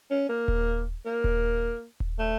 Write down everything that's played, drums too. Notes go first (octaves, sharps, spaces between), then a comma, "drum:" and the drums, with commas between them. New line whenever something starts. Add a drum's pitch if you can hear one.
C#4
A#3
drum: kick D#1
A#3
drum: kick D#1
drum: kick D#1
A3